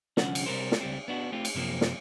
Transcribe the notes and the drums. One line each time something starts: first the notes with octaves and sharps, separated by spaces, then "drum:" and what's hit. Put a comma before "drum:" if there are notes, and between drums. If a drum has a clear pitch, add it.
C2 D3 F3 C#4 F#5, drum: snare
drum: cymbal
C3 G3 A#4 C5
drum: snare
C#2 G3 C4
B3 D4 F#4
A3 C4 F4 G4
drum: cymbal
F#2 C3 F3 A#3 C4
drum: snare